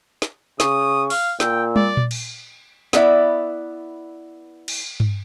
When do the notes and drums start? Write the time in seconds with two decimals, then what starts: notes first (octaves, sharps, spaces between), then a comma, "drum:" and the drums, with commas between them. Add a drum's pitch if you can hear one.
0.22 drum: snare
0.60 C#3 C#6 D#6, drum: snare
1.10 F5, drum: open hi-hat
1.40 A#2 G5 E6, drum: snare
1.76 D5, drum: tom
1.97 drum: tom A#2
2.11 drum: cymbal
2.93 B3 E4 D5 E5, drum: snare
4.68 drum: cymbal
5.00 drum: tom G2